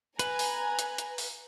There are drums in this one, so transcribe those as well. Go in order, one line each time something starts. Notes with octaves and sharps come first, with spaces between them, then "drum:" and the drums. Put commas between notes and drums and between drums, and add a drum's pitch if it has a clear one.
B4 G#5 A#5, drum: hi-hat
drum: open hi-hat
drum: hi-hat
drum: hi-hat
drum: open hi-hat